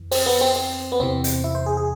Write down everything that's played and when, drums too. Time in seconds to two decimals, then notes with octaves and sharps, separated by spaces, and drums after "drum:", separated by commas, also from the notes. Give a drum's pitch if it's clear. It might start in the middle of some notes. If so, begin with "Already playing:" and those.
Already playing: F2 E3
0.11 C4, drum: open hi-hat
0.26 B3
0.41 C4
0.56 C4
0.92 B3
1.00 E2 C3 E3 C4
1.24 drum: hi-hat
1.44 E4
1.55 C5
1.66 G#4
1.77 G#4